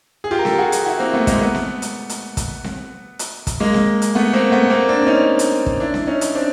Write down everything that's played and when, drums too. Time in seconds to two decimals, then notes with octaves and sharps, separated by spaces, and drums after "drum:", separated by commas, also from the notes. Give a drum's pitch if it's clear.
0.24 G#4
0.31 F4 G4
0.39 A#4
0.45 G4 A4, drum: snare C4
0.58 F#4 G#4
0.72 drum: hi-hat
0.86 E4 F#4
0.99 A#3 C4
1.13 A3 B3
1.27 G#3 A#3, drum: kick, hi-hat
1.41 A3 B3
1.55 drum: snare C4
1.82 drum: hi-hat
2.09 drum: hi-hat
2.37 drum: kick, hi-hat
2.64 drum: snare C4
3.19 drum: hi-hat
3.47 drum: kick, hi-hat
3.60 G#3 A#3
3.74 drum: snare C4
4.02 drum: hi-hat
4.15 A3 B3
4.33 A#3 C4
4.52 A3 B3
4.70 A#3 C4
4.89 C4 D4
5.02 D4
5.07 C#4 D#4
5.39 drum: hi-hat
5.66 drum: kick
5.80 D4 E4
5.94 drum: snare C4
6.07 C#4 D#4
6.21 drum: hi-hat
6.35 C4 D4